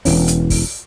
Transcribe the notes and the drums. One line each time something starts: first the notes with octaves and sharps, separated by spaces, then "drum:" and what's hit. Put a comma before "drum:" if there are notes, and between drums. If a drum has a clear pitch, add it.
E1 D#2 E3 C#4, drum: open hi-hat
drum: hi-hat
drum: kick, open hi-hat